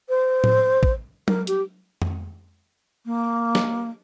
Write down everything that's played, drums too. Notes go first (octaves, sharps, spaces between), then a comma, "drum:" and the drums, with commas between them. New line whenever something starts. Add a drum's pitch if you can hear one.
C5
drum: tom A2
drum: kick
A#4, drum: tom F#3
G4, drum: hi-hat
drum: tom F2
A#3
drum: snare